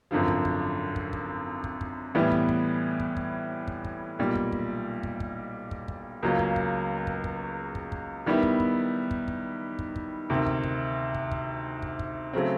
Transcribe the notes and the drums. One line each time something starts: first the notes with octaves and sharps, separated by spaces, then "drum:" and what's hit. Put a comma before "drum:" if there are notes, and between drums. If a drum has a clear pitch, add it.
G#1 F#2 D3 F3
drum: kick
drum: kick
drum: kick
drum: kick
drum: kick
drum: kick
A2 E3 G3 B3
drum: kick
drum: kick
drum: kick
drum: kick
drum: kick
drum: kick
B1 A#2 G3
drum: kick
drum: kick
drum: kick
drum: kick
drum: kick
drum: kick
C#2 C#3 F#3 A#3
drum: kick
drum: kick
drum: kick
drum: kick
drum: kick
drum: kick
D#3 G3 B3 E4
drum: kick
drum: kick
drum: kick
drum: kick
drum: kick
drum: kick
D2 C3 D#3
drum: kick
drum: kick
drum: kick
drum: kick
drum: kick
drum: kick
C#3 F#3 A3 C4